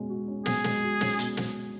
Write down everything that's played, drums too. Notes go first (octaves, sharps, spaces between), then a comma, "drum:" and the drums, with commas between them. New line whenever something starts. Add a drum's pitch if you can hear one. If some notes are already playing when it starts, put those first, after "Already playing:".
Already playing: B2 G#3 C#4
F#4
C#4
B2 G#4, drum: snare
G#3, drum: snare
F#4
C#4, drum: snare
B2, drum: hi-hat
drum: snare